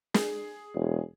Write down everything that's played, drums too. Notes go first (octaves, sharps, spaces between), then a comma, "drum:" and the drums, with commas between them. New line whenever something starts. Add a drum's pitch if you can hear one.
G#4, drum: snare
E1